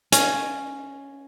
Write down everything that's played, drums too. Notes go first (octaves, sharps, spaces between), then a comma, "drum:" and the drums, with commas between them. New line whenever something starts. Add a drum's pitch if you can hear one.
C#4, drum: hi-hat